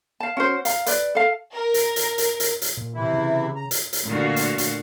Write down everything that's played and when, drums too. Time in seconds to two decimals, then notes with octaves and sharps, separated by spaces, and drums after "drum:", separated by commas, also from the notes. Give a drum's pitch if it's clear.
0.20 F5 A5
0.37 C#4 F#4 C5
0.65 F5 A#5, drum: hi-hat
0.86 B4 D5, drum: hi-hat
1.15 A4 F5
1.53 A#4
1.74 drum: hi-hat
1.96 drum: hi-hat
2.18 drum: hi-hat
2.40 drum: hi-hat
2.62 drum: hi-hat
2.77 A#2
2.94 C3 E3 E4
3.14 C#3
3.56 A#5
3.71 drum: hi-hat
3.93 drum: hi-hat
4.06 A#2 D3 A3 F4 F#4 F5
4.36 drum: hi-hat
4.58 drum: hi-hat